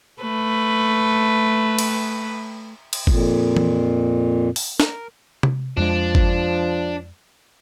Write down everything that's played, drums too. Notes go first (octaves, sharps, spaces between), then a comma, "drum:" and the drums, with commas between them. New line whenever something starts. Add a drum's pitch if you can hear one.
A3 B4
drum: cymbal
drum: cymbal
F2 A#2, drum: kick G1
drum: tom E3
drum: open hi-hat
A#4, drum: snare
drum: tom C3
F2 F3 G#3 D4
drum: kick G1